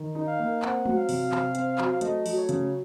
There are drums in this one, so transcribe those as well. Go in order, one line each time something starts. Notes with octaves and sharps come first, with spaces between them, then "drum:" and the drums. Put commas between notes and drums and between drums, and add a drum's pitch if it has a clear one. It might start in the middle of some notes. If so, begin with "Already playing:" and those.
Already playing: D#3
D#4
F5
A#3
C4 F#5, drum: clap
F#3, drum: tom G#3
F5
C3, drum: open hi-hat
C3, drum: clap
C4, drum: hi-hat
F#3, drum: clap
A3 D#5, drum: hi-hat
F#3, drum: open hi-hat
C#5
C#3, drum: hi-hat